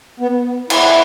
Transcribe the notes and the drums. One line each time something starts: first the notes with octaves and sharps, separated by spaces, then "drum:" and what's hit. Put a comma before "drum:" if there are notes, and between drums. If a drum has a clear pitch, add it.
B3
E4, drum: cymbal